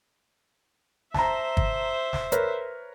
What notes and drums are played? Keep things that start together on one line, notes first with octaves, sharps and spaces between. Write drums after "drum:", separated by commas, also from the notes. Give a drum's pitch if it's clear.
C5 E5 A5 A#5, drum: snare
drum: kick
drum: snare
A#4 B4 C#5, drum: hi-hat